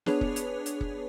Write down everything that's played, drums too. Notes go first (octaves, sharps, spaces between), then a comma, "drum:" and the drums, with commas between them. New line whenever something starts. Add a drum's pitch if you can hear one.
B3 D4 G#4 B4 C#5 F7, drum: snare
drum: kick
drum: hi-hat
drum: hi-hat
drum: kick